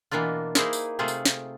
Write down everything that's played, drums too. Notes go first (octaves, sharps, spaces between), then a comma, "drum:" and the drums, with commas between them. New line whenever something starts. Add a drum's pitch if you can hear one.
B2 E3 A#3 D4 F4
A#3 D#4 E4 G#4 C5, drum: snare
drum: tambourine
C3 A3 F4 G#4 C5
drum: tambourine
drum: snare